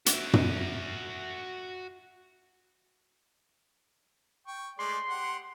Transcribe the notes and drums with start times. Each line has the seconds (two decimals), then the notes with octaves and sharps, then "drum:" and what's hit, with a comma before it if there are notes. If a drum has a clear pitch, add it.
0.06 F#4 E5, drum: hi-hat
0.33 drum: tom
4.47 G5 C#6
4.79 G#3 A3 D5 C6
5.09 G4 F#5